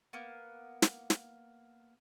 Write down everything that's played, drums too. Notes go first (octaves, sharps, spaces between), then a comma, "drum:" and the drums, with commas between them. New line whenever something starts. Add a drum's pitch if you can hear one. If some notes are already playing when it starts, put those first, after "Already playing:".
A#3 B3
drum: snare
drum: snare